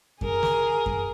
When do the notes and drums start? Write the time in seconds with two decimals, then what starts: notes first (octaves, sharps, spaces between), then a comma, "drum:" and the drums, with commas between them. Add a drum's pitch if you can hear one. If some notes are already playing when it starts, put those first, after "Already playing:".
0.21 G#4 A#4, drum: kick F#2
0.43 drum: snare
0.86 drum: kick F#2